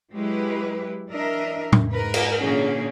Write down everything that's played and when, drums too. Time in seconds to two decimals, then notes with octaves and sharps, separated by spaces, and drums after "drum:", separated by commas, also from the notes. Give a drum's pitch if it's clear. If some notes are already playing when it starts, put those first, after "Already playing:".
0.15 F#3 G#3 E4 G4 B4
1.10 E3 D4 A#4 D#5 E5
1.72 drum: tom A2
1.92 G#2 A#4 B4
2.14 drum: cymbal
2.39 A#2 D3 E3 A#3 C#4 G#4